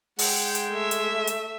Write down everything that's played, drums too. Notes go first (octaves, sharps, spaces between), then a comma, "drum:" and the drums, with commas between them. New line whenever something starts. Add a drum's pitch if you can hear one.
G#3 F#5 G5, drum: open hi-hat
drum: hi-hat
A3 E5
drum: hi-hat
drum: hi-hat